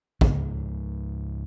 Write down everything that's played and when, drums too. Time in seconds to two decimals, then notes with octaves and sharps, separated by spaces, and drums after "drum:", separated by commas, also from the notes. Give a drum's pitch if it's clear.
0.21 C#2 G#2, drum: kick